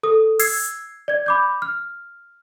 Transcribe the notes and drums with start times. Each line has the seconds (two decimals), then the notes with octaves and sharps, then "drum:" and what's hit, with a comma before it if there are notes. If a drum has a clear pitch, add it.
0.03 A4 D#6
0.39 E6 G#6 C7, drum: open hi-hat
1.08 D5 G#6
1.26 B5 D6 G6
1.62 F6